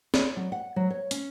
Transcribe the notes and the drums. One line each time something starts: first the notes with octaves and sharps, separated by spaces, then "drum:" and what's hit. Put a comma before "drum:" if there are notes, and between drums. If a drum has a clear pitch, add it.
D5, drum: snare
F#3
F#5
F#3
C#5
C#4, drum: hi-hat